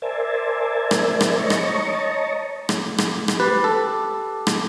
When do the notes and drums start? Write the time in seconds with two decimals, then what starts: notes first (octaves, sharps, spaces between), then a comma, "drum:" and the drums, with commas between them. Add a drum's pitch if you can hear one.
0.02 A#4 C5 D5 E5 G#5 A5
0.91 drum: rim click
1.21 drum: rim click
1.39 C#5 D#5 A5 A#5 C#6
1.50 drum: rim click
2.69 drum: rim click
2.98 drum: rim click
3.28 drum: rim click
3.40 G4 B4
3.64 A4
4.47 drum: rim click